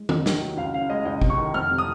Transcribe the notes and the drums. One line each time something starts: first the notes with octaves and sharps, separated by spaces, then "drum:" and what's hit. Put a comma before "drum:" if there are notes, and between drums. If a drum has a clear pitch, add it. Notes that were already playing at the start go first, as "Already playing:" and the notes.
Already playing: G#3
D#2, drum: tom D#3
D#3, drum: snare
F#3
C#2 F5
C#3 F5
G#3 D#5
C#2 D#5
C3, drum: kick
C#6
D#3
F2 F6
C3
D#6